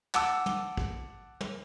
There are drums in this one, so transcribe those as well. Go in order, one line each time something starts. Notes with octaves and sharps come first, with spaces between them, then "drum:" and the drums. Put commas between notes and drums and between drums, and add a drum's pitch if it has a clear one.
F#5 A5 D6 E6, drum: clap
drum: tom
drum: kick
drum: tom